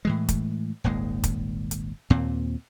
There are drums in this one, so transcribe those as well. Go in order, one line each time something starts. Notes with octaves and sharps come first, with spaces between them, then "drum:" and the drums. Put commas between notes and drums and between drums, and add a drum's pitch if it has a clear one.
A2 E3 G#3
drum: kick, hi-hat
D#1 G#1 D#2 G#3
drum: kick, hi-hat
drum: hi-hat
D#2 A#2 C4